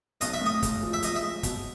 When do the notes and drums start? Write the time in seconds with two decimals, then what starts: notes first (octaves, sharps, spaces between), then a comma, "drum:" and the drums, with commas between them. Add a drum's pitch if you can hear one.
0.21 B1 D#5, drum: hi-hat
0.34 E5
0.41 A2 D#5
0.63 G#3, drum: kick, hi-hat
0.83 F3
0.93 E5
1.03 F3 D#5, drum: hi-hat
1.15 E5
1.23 G#3
1.43 B2, drum: kick, hi-hat